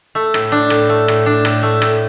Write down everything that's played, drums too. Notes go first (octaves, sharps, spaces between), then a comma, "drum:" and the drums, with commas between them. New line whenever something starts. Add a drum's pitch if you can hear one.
A3
A2, drum: rim click
D4
A2, drum: rim click
A3
A2, drum: rim click
D4
A2, drum: rim click
A3
A2, drum: rim click